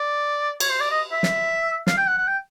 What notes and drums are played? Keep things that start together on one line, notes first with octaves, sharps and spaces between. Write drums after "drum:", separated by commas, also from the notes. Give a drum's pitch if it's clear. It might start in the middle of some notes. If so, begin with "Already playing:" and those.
Already playing: D5
C#5, drum: cymbal
C5
D5
D#5
E5
drum: snare
F5, drum: snare
G5
F#5
F#5
G5